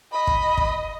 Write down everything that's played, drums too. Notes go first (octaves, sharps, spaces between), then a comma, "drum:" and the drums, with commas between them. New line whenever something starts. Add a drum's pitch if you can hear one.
D#5 B5
drum: kick
drum: kick